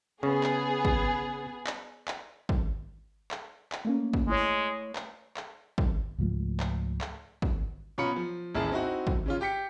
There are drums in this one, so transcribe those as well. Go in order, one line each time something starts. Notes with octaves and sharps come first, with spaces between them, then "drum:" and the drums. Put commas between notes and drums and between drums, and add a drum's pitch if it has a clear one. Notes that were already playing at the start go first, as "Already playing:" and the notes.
C#3 B3 G#4
drum: clap
drum: kick
drum: clap
drum: clap
drum: kick
drum: clap
drum: clap
A3 A#3 C#4
drum: kick
G#3 A3 E4 C#5
drum: clap
drum: clap
drum: kick
C#2 G#2 F3 A3
drum: clap
drum: clap
drum: kick
B2 C#4 F4 A#5 B5 C#7
F3
A1 D#2 E4 G#4 A#4 A5
C4 D#4 E4 F#4
drum: kick
C#3 C#4 F4
G4 G5 B6 C#7